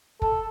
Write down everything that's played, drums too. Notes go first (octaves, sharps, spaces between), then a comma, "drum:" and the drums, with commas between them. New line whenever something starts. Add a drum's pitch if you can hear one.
A4, drum: kick